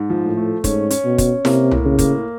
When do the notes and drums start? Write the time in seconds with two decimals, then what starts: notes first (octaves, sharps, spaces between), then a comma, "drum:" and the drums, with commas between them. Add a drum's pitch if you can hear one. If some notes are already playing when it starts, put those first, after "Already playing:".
Already playing: G#2
0.10 F3
0.24 A2
0.37 A3
0.64 G#2 C#4, drum: kick, hi-hat
0.90 C#4, drum: hi-hat
1.04 B2
1.18 C#4, drum: kick, hi-hat
1.45 C3 A#3, drum: snare E4
1.71 A2, drum: tom C2
1.85 C#3
1.99 A#3, drum: kick, hi-hat